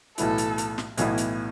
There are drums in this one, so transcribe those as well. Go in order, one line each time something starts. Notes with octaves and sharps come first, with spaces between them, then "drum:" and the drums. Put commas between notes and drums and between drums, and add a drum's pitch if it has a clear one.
B1 A2 E3 B3 E4 A4, drum: hi-hat
drum: hi-hat
drum: hi-hat
drum: snare
B1 A2 E3 B3 E4, drum: hi-hat
drum: hi-hat